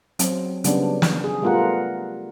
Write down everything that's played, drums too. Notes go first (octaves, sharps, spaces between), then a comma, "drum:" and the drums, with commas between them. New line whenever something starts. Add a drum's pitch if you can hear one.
F#3 C4, drum: hi-hat
C#3 F#3 G3 B3 D4, drum: hi-hat
drum: snare
G#4
G3 A3 B3 F4 A#4 F#5